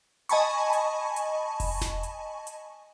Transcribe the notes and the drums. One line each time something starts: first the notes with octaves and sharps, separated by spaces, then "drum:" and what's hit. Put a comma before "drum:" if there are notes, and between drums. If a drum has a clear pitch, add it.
D#5 G#5 A5 B5 C#6, drum: hi-hat
drum: hi-hat
drum: hi-hat
drum: kick F1, open hi-hat
drum: snare E1
drum: hi-hat
drum: hi-hat